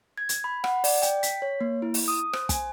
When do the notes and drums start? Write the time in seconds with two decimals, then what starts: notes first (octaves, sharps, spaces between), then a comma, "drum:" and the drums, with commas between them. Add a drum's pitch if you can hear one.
0.18 G#6
0.29 drum: hi-hat
0.44 B5
0.64 F#5, drum: rim click
0.84 D5, drum: open hi-hat
1.02 G5, drum: hi-hat
1.23 B6, drum: hi-hat
1.42 C#5
1.61 A#3
1.82 E4
1.94 drum: open hi-hat
2.08 D#6
2.33 C5, drum: rim click
2.49 G#5, drum: kick, hi-hat